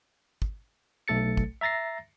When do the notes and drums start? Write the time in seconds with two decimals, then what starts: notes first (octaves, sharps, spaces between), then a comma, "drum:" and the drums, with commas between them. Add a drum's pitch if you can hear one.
0.42 drum: kick
1.08 B1 A3 A4 A6 C#7
1.37 drum: kick
1.61 E5 A#5 A6 A#6 C7